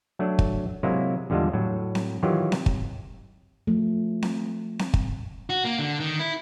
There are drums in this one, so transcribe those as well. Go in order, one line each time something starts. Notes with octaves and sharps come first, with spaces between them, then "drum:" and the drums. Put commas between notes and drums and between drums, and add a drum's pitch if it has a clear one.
F#3 A3 D4
drum: kick
C3 F#3 G#3 A#3 E4
E2 D3 G3 G#3 F4 A5
A2 F#3
drum: snare C4
D#3 E3 F#3 F4 G4
drum: snare C4
drum: kick
F3 A3
drum: snare C4
drum: snare C4
drum: kick
F#4
A#3
D3
D#3
E4